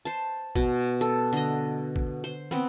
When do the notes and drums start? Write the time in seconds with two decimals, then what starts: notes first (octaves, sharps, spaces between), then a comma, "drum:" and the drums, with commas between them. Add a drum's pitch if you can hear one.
0.05 C5 A5
0.55 B2, drum: kick A1
1.01 A4
1.33 D3 D#5
1.96 drum: kick A1
2.24 C5
2.51 B3 C4, drum: snare